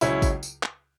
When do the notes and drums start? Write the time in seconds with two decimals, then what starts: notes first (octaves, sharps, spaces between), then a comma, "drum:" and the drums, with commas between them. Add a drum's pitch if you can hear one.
0.01 C#2 C#3 F#3 C#4 E4, drum: tambourine
0.22 drum: kick G#1, tambourine
0.43 drum: tambourine
0.63 drum: clap